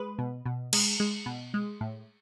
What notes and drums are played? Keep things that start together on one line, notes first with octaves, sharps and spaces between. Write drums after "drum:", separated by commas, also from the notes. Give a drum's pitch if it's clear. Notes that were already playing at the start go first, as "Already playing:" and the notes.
Already playing: G#3 B4
B2
B2
G#3, drum: cymbal
G#3
B2
G#3
A2